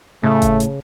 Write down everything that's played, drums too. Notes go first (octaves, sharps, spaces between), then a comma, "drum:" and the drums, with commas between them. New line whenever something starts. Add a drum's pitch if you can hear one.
A2 C#3 A3 A4
drum: kick G1, hi-hat
drum: hi-hat